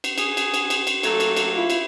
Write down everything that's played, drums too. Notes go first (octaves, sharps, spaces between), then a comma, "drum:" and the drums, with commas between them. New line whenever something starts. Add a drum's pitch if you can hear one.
drum: cymbal
F#4 G#4, drum: cymbal
drum: cymbal
drum: cymbal
drum: cymbal
drum: cymbal
F#3 A3 A#3 A4, drum: cymbal
drum: cymbal
drum: cymbal
E4 F4
drum: cymbal